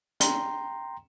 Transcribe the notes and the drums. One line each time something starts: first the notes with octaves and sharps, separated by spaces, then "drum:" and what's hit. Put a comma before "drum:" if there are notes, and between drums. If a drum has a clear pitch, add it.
G5 A#5 C6, drum: hi-hat